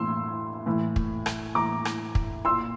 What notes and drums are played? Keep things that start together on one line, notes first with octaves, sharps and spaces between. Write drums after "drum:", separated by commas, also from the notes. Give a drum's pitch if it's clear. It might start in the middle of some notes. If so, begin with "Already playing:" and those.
Already playing: A2 E3 C6 E6
A2 E3
drum: kick
drum: rim click
A2 E3 A#5 D6
drum: rim click
drum: kick
A#2 C6 E6